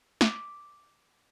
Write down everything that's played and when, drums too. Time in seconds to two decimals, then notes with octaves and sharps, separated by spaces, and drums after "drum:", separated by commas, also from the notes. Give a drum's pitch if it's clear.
0.21 D6 B6, drum: snare